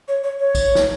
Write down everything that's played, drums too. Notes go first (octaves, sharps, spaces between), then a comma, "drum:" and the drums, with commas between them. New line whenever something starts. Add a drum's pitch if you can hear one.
C#5
C#5
C#5
drum: kick, tambourine
drum: snare